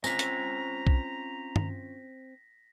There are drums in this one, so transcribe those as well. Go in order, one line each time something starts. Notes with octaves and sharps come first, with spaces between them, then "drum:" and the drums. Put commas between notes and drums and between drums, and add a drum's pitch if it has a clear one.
C4 C#4 F4 G#5 A#5 A#6 B6, drum: tambourine
drum: hi-hat
drum: kick B1
drum: tom G2